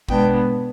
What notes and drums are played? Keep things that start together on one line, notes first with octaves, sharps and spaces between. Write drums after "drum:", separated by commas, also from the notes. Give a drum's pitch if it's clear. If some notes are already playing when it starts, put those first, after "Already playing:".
B2 G#3 B3 D4 G5, drum: kick